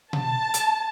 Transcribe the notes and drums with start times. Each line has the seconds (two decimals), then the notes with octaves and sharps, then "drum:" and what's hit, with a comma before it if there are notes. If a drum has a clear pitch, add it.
0.13 A5, drum: tom B2
0.54 drum: hi-hat